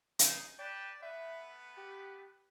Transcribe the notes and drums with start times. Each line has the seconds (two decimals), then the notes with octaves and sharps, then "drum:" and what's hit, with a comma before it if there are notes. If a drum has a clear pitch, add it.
0.19 D#4 G#4, drum: hi-hat
0.59 B4 D5 G5 A5
1.02 A3 B3 B4 E5
1.77 G4